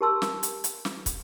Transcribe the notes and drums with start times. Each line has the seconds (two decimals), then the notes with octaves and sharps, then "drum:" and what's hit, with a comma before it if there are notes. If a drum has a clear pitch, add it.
0.01 G4 A#4 A5 C6 E6
0.22 drum: snare
0.43 drum: hi-hat
0.64 drum: hi-hat
0.85 drum: snare
1.06 drum: kick, hi-hat